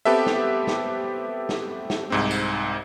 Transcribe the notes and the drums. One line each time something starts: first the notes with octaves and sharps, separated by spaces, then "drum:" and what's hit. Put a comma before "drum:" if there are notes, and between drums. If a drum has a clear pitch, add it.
B3 C4 G4 A4 B4 E5
drum: snare
drum: snare
drum: snare
drum: snare
C2 G#2 C4
drum: tambourine